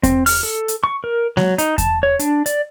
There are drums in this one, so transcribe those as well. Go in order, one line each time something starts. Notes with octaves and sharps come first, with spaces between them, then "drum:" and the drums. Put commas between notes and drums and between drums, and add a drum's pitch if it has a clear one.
C4, drum: kick E2, hi-hat
F6, drum: open hi-hat
A4
drum: hi-hat
C#6
A#4
F#3, drum: snare G#3
D#4, drum: hi-hat
A5, drum: kick E2, hi-hat
C#5
D4, drum: hi-hat
D5, drum: hi-hat